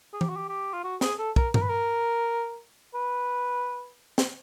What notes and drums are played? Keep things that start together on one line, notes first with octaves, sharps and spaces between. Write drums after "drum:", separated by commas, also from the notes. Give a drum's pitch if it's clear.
G#4
G4, drum: tom E3
F#4
G4
G4
F4
F#4
G#4, drum: snare
A4
A#4, drum: kick
A#4, drum: tom G2
B4
A#4
B4
drum: snare